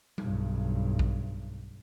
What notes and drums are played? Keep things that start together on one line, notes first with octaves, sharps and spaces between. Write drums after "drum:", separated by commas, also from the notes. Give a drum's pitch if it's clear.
B1 G2, drum: tom G3
drum: kick A#1